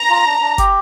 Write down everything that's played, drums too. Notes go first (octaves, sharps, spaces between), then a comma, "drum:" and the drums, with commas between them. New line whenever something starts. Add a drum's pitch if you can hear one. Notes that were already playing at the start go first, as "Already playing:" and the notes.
Already playing: A#5
F4
D4
D4
G4, drum: kick F#1, hi-hat